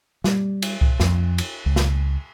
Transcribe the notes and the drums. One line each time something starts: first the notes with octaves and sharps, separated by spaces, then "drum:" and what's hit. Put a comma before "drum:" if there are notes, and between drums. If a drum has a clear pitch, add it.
G3, drum: snare
drum: cymbal
drum: kick C2
F2, drum: snare
drum: cymbal
C#2
drum: snare